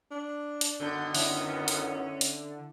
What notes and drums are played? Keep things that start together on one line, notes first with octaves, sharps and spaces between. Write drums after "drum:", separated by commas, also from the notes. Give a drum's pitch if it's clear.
D4
drum: hi-hat
F#2 D3 D#3 B3 G6
D3 C#4 E4, drum: open hi-hat
drum: hi-hat
drum: hi-hat